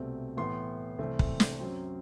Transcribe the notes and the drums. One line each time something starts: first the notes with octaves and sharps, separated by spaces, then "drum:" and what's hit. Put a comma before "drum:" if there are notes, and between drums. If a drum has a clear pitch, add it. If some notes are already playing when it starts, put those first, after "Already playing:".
Already playing: C2 B2 A3 C4
A2 E3 B3 C6
C2 C3 E3 A3 C4
drum: kick
drum: snare
F#2 F#3 C4